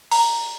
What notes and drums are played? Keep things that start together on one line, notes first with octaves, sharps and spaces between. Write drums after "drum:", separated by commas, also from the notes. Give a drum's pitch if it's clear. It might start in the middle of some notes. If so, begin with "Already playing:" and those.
A#5, drum: open hi-hat